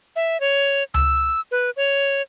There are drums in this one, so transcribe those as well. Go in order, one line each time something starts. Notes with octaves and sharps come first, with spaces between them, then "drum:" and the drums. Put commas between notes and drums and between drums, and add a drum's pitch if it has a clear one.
E5
C#5
E6, drum: tom C#2
B4
C#5